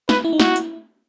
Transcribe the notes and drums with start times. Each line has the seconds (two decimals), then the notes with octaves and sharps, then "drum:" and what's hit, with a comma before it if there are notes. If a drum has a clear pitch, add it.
0.09 D#4 B4, drum: snare
0.24 E4
0.33 D#4
0.40 E4 F#4, drum: snare
0.56 drum: hi-hat